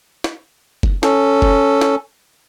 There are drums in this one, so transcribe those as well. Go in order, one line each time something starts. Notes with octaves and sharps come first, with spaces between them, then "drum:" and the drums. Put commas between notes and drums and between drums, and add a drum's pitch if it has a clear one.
drum: snare
drum: kick
C#4 A4, drum: snare
drum: kick
drum: snare